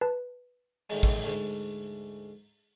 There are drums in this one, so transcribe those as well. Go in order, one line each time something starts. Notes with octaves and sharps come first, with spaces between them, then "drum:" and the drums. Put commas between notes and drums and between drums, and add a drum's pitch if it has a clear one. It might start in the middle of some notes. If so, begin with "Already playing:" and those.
B4 A5
A2 D#3 G#3, drum: open hi-hat
drum: kick
D2 G#2